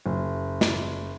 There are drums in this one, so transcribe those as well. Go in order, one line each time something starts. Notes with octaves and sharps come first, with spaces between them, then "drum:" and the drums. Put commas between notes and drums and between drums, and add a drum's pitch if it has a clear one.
F#1
drum: snare